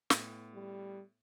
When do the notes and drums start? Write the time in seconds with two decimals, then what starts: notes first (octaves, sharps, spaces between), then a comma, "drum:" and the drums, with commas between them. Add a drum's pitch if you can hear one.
0.10 A2 B3, drum: snare
0.54 G3